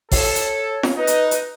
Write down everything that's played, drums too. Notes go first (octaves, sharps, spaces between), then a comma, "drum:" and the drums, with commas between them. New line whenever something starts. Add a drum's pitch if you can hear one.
A4 C#5, drum: kick A1, open hi-hat
drum: hi-hat
drum: snare
D#4 B4 D#5
drum: hi-hat
drum: hi-hat